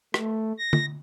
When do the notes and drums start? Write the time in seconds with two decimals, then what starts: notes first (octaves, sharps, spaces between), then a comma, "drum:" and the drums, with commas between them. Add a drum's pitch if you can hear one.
0.14 A3, drum: rim click
0.59 A#6
0.73 drum: tom